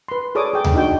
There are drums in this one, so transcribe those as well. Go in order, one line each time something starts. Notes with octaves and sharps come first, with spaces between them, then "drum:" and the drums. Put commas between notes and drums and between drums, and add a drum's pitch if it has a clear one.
B4 C6
G#4 A4 C#5 D5 D6 D#6
G#4 G5 D6
drum: tom D2
D4 D#4 F#4 G5